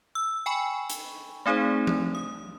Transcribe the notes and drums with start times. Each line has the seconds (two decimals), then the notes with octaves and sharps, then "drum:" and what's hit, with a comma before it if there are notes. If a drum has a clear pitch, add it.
0.15 E6
0.46 G5 G#5 B5 C#6
0.90 drum: hi-hat
1.46 A3 C4 D#4 G#4 C5
1.87 drum: tom F3
2.15 D#6